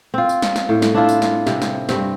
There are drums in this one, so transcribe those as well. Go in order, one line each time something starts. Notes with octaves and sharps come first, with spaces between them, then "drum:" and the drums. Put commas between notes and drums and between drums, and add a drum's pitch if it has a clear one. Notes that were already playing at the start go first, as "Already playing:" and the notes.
C4 F4
drum: tambourine
drum: snare
drum: snare
A2
drum: snare
D4 E4 F4
drum: tambourine
drum: snare
C3, drum: snare
drum: snare
G2 C4, drum: snare